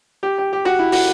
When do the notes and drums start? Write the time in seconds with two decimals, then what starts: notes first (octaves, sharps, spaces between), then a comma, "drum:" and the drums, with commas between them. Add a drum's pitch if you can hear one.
0.23 G4
0.38 G4
0.53 G4
0.65 F#4
0.79 E4
0.92 F#4, drum: open hi-hat